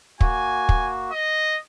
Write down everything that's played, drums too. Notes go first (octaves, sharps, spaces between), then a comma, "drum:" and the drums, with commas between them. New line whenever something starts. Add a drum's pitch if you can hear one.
A#3 F#4 G#5, drum: kick
drum: kick
D#5